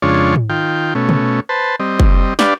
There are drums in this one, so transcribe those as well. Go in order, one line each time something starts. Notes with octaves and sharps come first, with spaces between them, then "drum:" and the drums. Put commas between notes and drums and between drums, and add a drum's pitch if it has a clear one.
F2 C#3 G#3 D4 F4 C#5
drum: tom G#2
D#3 F4 G5
B2 A3 C#4
drum: tom
B4 C5 A5
G3 C4 D#5
drum: kick F#1
D4 G4 B4 D5 F5, drum: snare